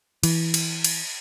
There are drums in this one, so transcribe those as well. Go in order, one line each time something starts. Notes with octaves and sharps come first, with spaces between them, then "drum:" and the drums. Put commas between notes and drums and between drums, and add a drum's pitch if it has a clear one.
E3, drum: cymbal
drum: cymbal
drum: cymbal